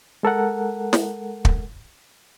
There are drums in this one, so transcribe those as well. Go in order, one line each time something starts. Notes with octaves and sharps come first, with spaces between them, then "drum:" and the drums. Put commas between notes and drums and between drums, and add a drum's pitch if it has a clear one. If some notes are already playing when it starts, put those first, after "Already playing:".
G#3 A4 A#4 F#5
drum: snare
drum: kick